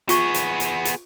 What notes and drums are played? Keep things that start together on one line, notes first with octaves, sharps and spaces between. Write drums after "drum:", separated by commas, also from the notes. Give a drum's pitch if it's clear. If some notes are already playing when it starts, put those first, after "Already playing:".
B3 F4 G#4 C#6, drum: hi-hat
drum: hi-hat
drum: hi-hat
drum: hi-hat